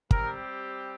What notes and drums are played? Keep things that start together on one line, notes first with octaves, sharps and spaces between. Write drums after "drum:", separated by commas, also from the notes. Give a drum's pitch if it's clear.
G3 C4 G4 A#4, drum: kick